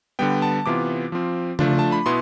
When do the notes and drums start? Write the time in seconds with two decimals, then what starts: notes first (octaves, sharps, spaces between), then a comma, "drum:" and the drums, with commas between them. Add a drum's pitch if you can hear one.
0.19 D3 G3 B3 G5
0.42 A5
0.66 C3 E3 B3 F4 D6
1.12 F3 C4 F4
1.59 F3 A3 D4 F4, drum: tom C#3
1.79 A5
1.92 B5
2.06 B2 B3 E4 C6